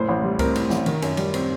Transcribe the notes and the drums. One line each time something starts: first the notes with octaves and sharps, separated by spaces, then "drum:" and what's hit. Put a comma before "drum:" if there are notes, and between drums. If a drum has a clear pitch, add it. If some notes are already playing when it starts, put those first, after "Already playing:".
Already playing: F#1 A2 C5
A1
G3
C4 A#4, drum: kick C#2, cymbal
A2, drum: cymbal
A1, drum: snare
D#3, drum: cymbal
F#2, drum: cymbal
G3, drum: cymbal
C4, drum: cymbal